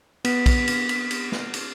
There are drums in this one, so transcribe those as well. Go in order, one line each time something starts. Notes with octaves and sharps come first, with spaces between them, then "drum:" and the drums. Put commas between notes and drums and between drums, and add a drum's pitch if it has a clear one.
B3 B6, drum: cymbal
drum: kick, cymbal
drum: cymbal
drum: cymbal
drum: cymbal
drum: snare
drum: cymbal